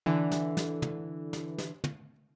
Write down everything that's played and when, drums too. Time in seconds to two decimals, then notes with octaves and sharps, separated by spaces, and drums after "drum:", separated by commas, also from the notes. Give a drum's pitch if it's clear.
0.06 D3 E3
0.31 drum: snare
0.57 drum: snare
0.82 drum: tom
1.33 drum: snare
1.58 drum: snare
1.84 drum: tom